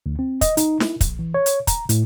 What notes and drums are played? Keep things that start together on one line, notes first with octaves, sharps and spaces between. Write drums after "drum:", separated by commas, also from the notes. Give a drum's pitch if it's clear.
D2
C4
D#5, drum: kick, hi-hat
D#4, drum: hi-hat
E4, drum: snare
A#1, drum: kick, hi-hat
E3
C#5
drum: hi-hat
A#5, drum: kick, hi-hat
A2, drum: hi-hat